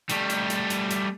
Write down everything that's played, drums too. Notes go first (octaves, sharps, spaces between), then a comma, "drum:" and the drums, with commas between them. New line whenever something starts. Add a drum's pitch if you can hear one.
G3 A3, drum: hi-hat
drum: hi-hat
drum: hi-hat
drum: hi-hat
drum: hi-hat